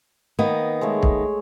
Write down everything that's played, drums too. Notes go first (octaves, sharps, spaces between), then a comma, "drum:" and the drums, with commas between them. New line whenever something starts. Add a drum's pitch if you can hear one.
D#3 A#3 B3
G#3 A3 C#5
drum: kick